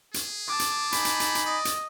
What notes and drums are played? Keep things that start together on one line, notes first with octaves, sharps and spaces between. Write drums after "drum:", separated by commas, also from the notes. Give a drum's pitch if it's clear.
G#4, drum: hi-hat
A5 D6
drum: hi-hat
D#4 G#5 B5, drum: hi-hat
drum: hi-hat
drum: hi-hat
drum: hi-hat
D5 D#5
drum: hi-hat